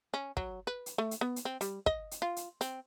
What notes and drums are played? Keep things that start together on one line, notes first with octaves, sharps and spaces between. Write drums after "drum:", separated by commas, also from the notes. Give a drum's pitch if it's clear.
C#4
F#3, drum: kick
B4
drum: hi-hat
A3
drum: hi-hat
B3
drum: hi-hat
C4
G3, drum: hi-hat
D#5, drum: kick
drum: hi-hat
F4
drum: hi-hat
C4, drum: hi-hat